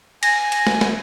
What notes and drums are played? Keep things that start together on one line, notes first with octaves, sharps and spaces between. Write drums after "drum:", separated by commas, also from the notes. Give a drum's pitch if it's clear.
G#5 A#6, drum: cymbal
drum: cymbal
drum: snare
drum: snare